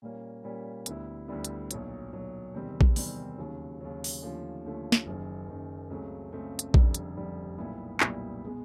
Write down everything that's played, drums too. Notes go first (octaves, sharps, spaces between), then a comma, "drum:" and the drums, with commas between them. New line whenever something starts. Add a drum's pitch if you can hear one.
A#2 G3 A#3 C#4
A#2 G3 A#3 C#4
D2 D3 G3 B3 E4, drum: hi-hat
D2 D3 G3 B3 E4
drum: hi-hat
B1 A#2 F#3, drum: hi-hat
B1 A#2 F#3
E2 C3 D#3 G3 C4
drum: kick A#1
E2 C3 D#3 G3 C4, drum: open hi-hat
D#2 C#3 F#3
D#2 C#3 F#3
drum: open hi-hat
D#2 D3 F3 A3 C#4
D#2 D3 F3 A3 C#4
drum: snare
F#1 F#2 D#3
F#1 F#2 D#3
C#2 C#3 F#3 A3 C4
C#2 C#3 F#3 A3 C4
drum: hi-hat
F1 F2 D3 G3, drum: kick A#1
drum: hi-hat
F1 F2 D3 G3
B1 A#2 G3 B3 E4
B1 A#2 G3 B3 E4, drum: clap
B2 G#3 B3